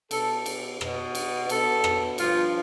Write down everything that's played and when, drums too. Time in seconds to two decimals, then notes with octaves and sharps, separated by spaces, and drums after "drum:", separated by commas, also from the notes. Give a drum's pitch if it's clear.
0.11 B2 A4, drum: cymbal
0.46 drum: cymbal
0.81 B2, drum: rim click
1.15 drum: cymbal
1.49 B2 A4, drum: cymbal
1.84 drum: rim click
2.18 G2 F3 F4, drum: cymbal